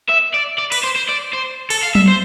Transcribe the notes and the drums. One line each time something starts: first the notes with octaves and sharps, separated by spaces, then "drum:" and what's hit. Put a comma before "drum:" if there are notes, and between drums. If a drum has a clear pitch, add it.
E5
D5
D5
B4, drum: cymbal
C5
C5
D5
C5
A4, drum: cymbal
F5
E5, drum: tom F#3
C5